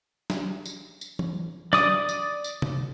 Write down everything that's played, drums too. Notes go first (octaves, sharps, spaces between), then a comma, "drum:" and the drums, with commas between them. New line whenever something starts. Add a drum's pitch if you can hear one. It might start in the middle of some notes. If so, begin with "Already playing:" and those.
drum: snare
drum: tambourine
drum: tambourine
drum: tom E3
D5 D6 D#6, drum: snare
drum: tambourine
drum: tambourine
drum: tom C3